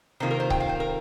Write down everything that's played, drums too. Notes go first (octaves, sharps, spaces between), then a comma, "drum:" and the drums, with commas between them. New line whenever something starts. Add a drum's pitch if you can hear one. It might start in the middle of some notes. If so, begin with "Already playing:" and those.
C3 D#3 A#3 F4 C5
A#4
C5
G5, drum: kick C#1
F5
C5
A#4